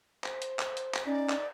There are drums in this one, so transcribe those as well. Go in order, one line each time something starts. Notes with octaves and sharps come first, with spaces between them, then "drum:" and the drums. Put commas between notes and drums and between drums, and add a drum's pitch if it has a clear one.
C5, drum: clap
drum: hi-hat
drum: clap
drum: hi-hat
drum: clap
C#4 D#4 D5
drum: clap